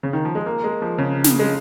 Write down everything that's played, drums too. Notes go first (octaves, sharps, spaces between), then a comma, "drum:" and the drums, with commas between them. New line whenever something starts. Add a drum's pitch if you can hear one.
C#3
D#3
F3
G#3
A#3
G#3
F3
C#3
drum: snare
G#3